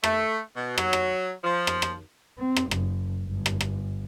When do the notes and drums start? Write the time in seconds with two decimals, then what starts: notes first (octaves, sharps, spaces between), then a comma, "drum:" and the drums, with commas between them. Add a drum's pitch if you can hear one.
0.04 A3, drum: rim click
0.56 B2
0.78 F#3, drum: rim click
0.93 drum: rim click
1.44 F3
1.67 drum: rim click
1.82 drum: rim click
2.38 C4
2.56 drum: rim click
2.71 F#1, drum: rim click
3.27 G1
3.46 drum: rim click
3.61 drum: rim click